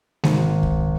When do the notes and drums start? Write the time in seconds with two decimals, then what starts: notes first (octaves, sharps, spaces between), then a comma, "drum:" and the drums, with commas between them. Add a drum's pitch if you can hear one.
0.24 G#1, drum: snare G#3
0.63 drum: kick C2